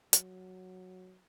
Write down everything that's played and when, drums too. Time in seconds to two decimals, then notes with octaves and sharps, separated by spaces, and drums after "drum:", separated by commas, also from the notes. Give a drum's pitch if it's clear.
0.13 F#3, drum: hi-hat